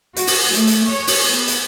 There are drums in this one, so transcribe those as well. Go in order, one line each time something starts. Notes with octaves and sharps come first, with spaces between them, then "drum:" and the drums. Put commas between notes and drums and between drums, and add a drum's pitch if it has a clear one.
F#4, drum: hi-hat
drum: open hi-hat
A3, drum: hi-hat
drum: hi-hat
C#5
drum: open hi-hat
B3
drum: hi-hat